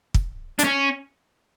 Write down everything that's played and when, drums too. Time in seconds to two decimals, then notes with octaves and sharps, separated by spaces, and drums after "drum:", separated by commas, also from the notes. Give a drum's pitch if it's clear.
0.14 drum: kick
0.59 D4, drum: hi-hat
0.64 C#4